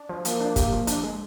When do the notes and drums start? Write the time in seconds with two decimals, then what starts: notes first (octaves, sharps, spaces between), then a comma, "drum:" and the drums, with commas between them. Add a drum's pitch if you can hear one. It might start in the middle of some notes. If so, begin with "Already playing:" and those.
Already playing: D4
0.09 F3
0.25 F3 A#3, drum: hi-hat
0.40 D4
0.56 G4, drum: kick F#1, hi-hat
0.72 F3
0.87 D4, drum: hi-hat
1.03 G#3